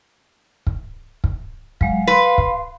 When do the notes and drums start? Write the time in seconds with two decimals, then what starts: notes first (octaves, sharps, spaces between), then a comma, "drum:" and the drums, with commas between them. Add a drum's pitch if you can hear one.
0.67 drum: kick
1.24 drum: kick
1.81 F#3 G#3 F5, drum: kick
2.07 B4 C6
2.38 drum: kick